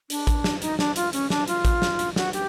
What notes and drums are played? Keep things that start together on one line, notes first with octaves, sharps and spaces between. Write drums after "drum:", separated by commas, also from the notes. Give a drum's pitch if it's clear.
D4, drum: hi-hat
drum: kick A1, hi-hat
drum: snare
D#4, drum: hi-hat
D4, drum: snare
F4, drum: hi-hat
C#4, drum: hi-hat
D4, drum: snare
F4, drum: hi-hat
drum: kick A1, hi-hat
drum: snare
drum: hi-hat
F#4, drum: snare
G4, drum: hi-hat